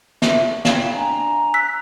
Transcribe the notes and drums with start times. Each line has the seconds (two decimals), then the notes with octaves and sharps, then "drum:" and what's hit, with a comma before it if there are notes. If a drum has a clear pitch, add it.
0.22 E5, drum: snare
0.65 E5 F5 G5 E7, drum: snare
0.93 D4 G#5 A#5
1.54 E6 F#6 B6